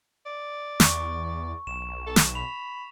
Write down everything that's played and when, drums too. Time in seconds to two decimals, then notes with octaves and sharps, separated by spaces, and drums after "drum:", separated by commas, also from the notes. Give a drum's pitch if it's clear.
0.26 D5
0.80 E2 C#6, drum: snare
1.67 B1 E7
2.07 A4
2.16 drum: snare
2.35 B5 F7